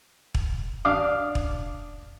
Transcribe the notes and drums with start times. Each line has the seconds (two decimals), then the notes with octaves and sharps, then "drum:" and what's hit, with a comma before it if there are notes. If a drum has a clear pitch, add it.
0.35 drum: kick
0.85 D4 F5 D6 D#6
1.35 drum: kick